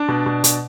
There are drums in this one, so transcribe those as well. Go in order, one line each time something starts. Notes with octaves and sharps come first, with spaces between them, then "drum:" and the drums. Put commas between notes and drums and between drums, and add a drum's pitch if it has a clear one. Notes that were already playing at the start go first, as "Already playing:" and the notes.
Already playing: D4 D5
B2
B2
B2, drum: hi-hat